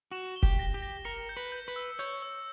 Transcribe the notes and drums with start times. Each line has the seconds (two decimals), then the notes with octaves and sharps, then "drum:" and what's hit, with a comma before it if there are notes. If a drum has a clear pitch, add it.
0.12 F#4 E7
0.36 G7
0.43 G4, drum: kick F1
0.59 A#6
0.74 G4
0.82 A#6
1.05 A#4 C#7
1.29 G6
1.37 B4
1.52 G6
1.68 B4
1.76 E6
1.99 C#5 G6, drum: hi-hat
2.22 E6